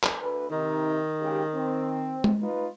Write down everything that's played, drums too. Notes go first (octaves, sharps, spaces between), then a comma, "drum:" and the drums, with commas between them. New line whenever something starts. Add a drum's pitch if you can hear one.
drum: clap
D2 B4
C3 D#3 D#4
C#3 G#3 G4
C4
drum: tom G#3
D#4 F4 B4